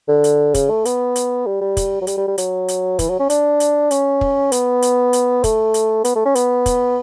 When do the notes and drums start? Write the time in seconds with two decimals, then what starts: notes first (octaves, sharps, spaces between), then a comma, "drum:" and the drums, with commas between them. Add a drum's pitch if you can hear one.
0.08 D3
0.24 drum: hi-hat
0.54 C#3, drum: kick, hi-hat
0.70 A3
0.85 B3, drum: hi-hat
1.16 drum: hi-hat
1.46 G3
1.61 G3
1.77 drum: kick, hi-hat
2.01 F#3
2.07 G3, drum: hi-hat
2.18 G3
2.28 G3
2.38 F#3, drum: hi-hat
2.68 drum: hi-hat
2.99 E3, drum: kick, hi-hat
3.09 F#3
3.19 C#4
3.30 D4, drum: hi-hat
3.60 drum: hi-hat
3.91 C#4, drum: hi-hat
4.21 drum: kick
4.52 B3, drum: hi-hat
4.82 drum: hi-hat
5.13 drum: hi-hat
5.44 A3, drum: kick, hi-hat
5.74 drum: hi-hat
6.05 B3, drum: hi-hat
6.15 A3
6.25 C#4
6.35 B3, drum: hi-hat
6.66 drum: kick, hi-hat